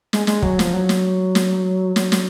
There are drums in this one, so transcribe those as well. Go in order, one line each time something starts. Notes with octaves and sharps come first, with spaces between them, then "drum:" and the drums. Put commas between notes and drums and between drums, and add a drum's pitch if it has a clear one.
G#3, drum: snare
G#3, drum: snare
F#3, drum: kick
F3, drum: snare
F#3
drum: snare
drum: snare
F#3, drum: snare
drum: snare